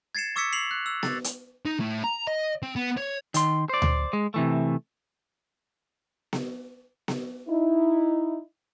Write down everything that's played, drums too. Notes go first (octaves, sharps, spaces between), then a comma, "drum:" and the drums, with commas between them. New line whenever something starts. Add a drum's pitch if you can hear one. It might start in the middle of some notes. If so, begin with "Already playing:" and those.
G#6 A6 C7 C#7 E7
C#6 D6 E6 G#6 B6 C#7
C7 C#7 F7 F#7
F#6
E6
A6, drum: snare B3
drum: hi-hat
D#4
A2
A#5
D#5
C4
B3
C#5
D#3 C6, drum: hi-hat
C5 D5
drum: tom D2
G#3
C3 E3 A3
drum: snare B3
drum: snare B3
D#4 E4